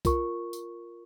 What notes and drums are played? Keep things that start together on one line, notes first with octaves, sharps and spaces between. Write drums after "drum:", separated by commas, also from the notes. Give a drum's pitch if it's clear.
F4 A#4 C#6, drum: kick, tambourine
drum: tambourine